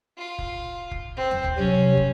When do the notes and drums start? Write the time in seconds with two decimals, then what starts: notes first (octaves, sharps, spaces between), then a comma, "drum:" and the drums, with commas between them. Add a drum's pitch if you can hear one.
0.17 F4
0.39 drum: kick
0.91 drum: kick
1.16 C4
1.31 drum: tom D#2
1.44 drum: kick
1.58 C3 F#3 C#4
1.97 drum: kick